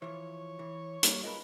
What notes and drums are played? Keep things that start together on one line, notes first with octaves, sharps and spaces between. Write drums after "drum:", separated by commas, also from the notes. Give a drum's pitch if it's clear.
E3 F3 C#5
E3
G3 A#3, drum: hi-hat
G#3 F4 A#4 B4